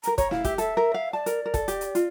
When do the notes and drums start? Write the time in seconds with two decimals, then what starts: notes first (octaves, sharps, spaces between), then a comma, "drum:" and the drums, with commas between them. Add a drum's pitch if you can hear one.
0.03 A#4 A#5, drum: hi-hat
0.18 C#5 A#5, drum: kick, hi-hat
0.31 E4 F5, drum: snare
0.44 G4 E5, drum: kick, hi-hat
0.58 A4 E5, drum: hi-hat
0.77 A#4
0.94 F5
1.13 D5 A5
1.26 A#4, drum: hi-hat
1.46 A#4
1.54 A4, drum: kick, hi-hat
1.68 G4, drum: hi-hat
1.81 drum: hi-hat
1.95 F4, drum: hi-hat